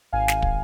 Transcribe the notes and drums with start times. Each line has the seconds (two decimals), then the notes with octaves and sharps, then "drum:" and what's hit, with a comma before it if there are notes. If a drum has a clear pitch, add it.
0.12 G#1 F5 G#5
0.28 G#1, drum: snare
0.42 drum: kick